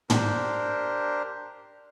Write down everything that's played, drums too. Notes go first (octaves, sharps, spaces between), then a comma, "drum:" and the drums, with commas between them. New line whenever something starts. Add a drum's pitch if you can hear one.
D4 G4 A#4 C5, drum: tom